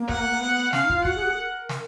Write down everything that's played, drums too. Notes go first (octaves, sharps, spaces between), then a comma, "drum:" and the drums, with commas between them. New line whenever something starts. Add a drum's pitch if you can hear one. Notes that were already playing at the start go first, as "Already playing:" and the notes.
Already playing: A#3
F#5, drum: kick
A#3
B3
C#4 F5, drum: snare
D#4
F4, drum: kick
F#4 F#5, drum: kick
G#4
F#4
G#4
A#4
drum: snare